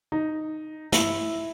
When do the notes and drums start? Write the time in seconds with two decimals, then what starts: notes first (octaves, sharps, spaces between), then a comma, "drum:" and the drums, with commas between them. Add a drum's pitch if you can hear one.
0.12 D#4
0.92 E4, drum: snare